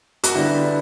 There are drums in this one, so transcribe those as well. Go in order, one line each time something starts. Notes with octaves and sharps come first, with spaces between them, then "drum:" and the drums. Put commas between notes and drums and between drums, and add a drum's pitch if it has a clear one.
F#4, drum: hi-hat
D3 G3 B3 D4 E4